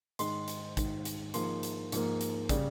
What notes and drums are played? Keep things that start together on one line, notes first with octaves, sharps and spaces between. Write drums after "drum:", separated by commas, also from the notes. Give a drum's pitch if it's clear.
G#2 D#3 G#3 C6, drum: hi-hat
drum: hi-hat
G#2 D#3 G#3, drum: kick, hi-hat
drum: hi-hat
G#2 F3 A#3 C6, drum: hi-hat
drum: hi-hat
G#2 F3 A#3, drum: hi-hat
drum: hi-hat
C#3 G3, drum: kick, hi-hat